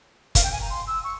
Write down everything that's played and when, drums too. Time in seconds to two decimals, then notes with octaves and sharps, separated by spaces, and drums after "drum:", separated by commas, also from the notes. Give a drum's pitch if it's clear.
0.35 F5, drum: kick, hi-hat
0.43 G5
0.52 G#5
0.61 A#5
0.70 C6
0.87 E6
1.04 C#6